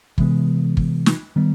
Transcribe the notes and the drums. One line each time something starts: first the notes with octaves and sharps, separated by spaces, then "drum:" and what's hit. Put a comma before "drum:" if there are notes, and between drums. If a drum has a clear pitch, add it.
C3 E3 G#3 B3, drum: kick
drum: kick
drum: snare
D#3 G3 B3